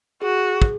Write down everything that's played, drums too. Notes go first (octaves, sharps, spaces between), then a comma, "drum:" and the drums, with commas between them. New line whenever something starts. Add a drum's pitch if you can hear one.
F#4 G#4
drum: kick